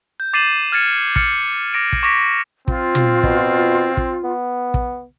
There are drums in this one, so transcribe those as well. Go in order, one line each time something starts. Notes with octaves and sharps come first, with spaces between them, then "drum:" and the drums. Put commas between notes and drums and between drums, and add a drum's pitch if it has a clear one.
G6
D6 A6 C7 D#7 E7 F#7
F6 G#6 A6 C#7
F6 A6 C#7 F#7, drum: kick
D6 A#6 D7
drum: kick
C#6 D6 A#6 B6 D7
C4 F4, drum: kick
drum: tom
B2, drum: kick
drum: kick
B3
drum: kick